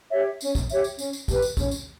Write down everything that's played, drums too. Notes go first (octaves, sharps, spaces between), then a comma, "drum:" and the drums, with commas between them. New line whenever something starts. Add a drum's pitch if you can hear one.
G4 C#5 E5
C#4, drum: tambourine
drum: kick, tambourine
G4 C#5 E5, drum: tambourine
drum: tambourine
C#4, drum: tambourine
drum: tambourine
G4 B4, drum: kick, tambourine
drum: tambourine
C#4, drum: kick, tambourine
drum: tambourine